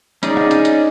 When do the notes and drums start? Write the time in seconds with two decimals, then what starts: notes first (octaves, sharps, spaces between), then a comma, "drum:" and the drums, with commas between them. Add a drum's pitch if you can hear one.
0.23 C#4 D#4 G#4 D5, drum: hi-hat
0.37 drum: rim click
0.51 drum: hi-hat
0.65 drum: hi-hat